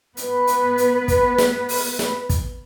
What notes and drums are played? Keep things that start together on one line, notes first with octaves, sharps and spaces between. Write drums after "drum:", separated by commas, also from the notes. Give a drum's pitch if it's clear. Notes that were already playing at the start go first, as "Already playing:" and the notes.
B3 B4, drum: hi-hat
drum: hi-hat
drum: hi-hat
drum: kick, hi-hat
drum: snare
drum: open hi-hat
drum: snare
drum: kick, hi-hat